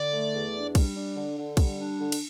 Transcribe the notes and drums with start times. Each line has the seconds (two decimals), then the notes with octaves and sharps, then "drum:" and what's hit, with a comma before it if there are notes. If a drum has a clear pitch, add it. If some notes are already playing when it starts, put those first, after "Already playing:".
Already playing: D3 D5
0.13 A3
0.33 E2
0.54 D4
0.75 G3, drum: kick, cymbal
0.95 D4
1.16 D3
1.37 D3
1.57 G3, drum: kick, cymbal
1.78 D4
1.99 D3
2.12 drum: cymbal